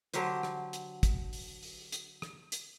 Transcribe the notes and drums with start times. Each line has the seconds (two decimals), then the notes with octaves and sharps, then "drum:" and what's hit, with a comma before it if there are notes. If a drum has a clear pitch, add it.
0.14 D3 F#3 G4 C5, drum: hi-hat
0.43 drum: rim click
0.73 drum: hi-hat
1.03 drum: kick, hi-hat
1.33 drum: open hi-hat
1.63 drum: open hi-hat
1.92 drum: hi-hat
2.22 drum: rim click
2.52 drum: hi-hat